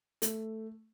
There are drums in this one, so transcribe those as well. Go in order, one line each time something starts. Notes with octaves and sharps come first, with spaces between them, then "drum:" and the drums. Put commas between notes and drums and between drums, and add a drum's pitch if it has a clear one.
A3, drum: hi-hat